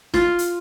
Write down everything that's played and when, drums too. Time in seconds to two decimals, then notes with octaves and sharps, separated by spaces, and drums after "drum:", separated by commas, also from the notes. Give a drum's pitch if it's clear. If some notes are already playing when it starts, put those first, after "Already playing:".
0.14 F4, drum: snare
0.39 drum: hi-hat